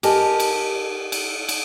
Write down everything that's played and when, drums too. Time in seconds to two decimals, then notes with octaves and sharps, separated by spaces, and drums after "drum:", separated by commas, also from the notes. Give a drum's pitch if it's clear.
0.03 G4 A4 A#4 D#5 G#5 A5, drum: cymbal
0.40 drum: cymbal
1.12 drum: cymbal
1.49 drum: cymbal